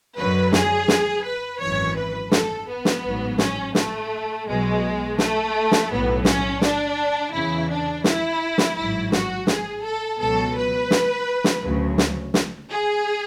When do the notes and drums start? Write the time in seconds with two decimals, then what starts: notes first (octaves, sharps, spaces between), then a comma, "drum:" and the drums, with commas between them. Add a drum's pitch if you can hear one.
0.16 F#2 D3 F#3 B4
0.53 G#4, drum: snare
0.88 drum: snare
1.23 B4
1.59 G#1 F#2 E3 C#5
1.96 B4
2.32 A4, drum: snare
2.67 B3
2.85 drum: snare
3.03 A1 G#2 F#3
3.38 C#4, drum: snare
3.75 A3, drum: snare
4.46 B1 B2 F#3 G#3
5.18 A3, drum: snare
5.72 drum: snare
5.90 B1 A2 F#3 B3
6.25 C#4, drum: snare
6.61 D4, drum: snare
7.32 E2 C#3 E3 E4
7.69 D4
8.04 E4, drum: snare
8.58 drum: snare
8.75 A1 G#2 F#3 E4
9.12 F#4, drum: snare
9.47 G#4, drum: snare
9.83 A4
10.19 C#2 B2 F#3 A4
10.55 B4
10.91 drum: snare
11.44 drum: snare
11.62 D2 C#3 F#3
11.98 drum: snare
12.34 drum: snare
12.70 G#4